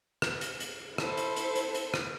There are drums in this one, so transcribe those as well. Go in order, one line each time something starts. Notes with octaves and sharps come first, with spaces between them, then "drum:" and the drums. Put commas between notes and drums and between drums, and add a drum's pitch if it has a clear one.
drum: rim click
drum: hi-hat
drum: hi-hat
E4 A4 C5, drum: rim click
drum: hi-hat
drum: hi-hat
drum: hi-hat
drum: hi-hat
drum: rim click